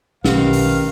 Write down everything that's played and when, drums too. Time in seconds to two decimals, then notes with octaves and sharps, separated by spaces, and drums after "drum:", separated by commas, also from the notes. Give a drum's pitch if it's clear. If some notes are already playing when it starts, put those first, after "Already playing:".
0.24 B1 D#3 C#4 G4 B4 F5, drum: snare
0.53 drum: open hi-hat